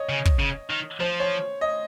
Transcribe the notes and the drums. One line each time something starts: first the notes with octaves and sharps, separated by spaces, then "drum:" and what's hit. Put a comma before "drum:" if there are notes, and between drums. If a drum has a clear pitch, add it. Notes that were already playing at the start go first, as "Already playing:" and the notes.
Already playing: C#5 D#5
C#3
drum: kick
C#3
D#3
F3 C5
C#5
D#5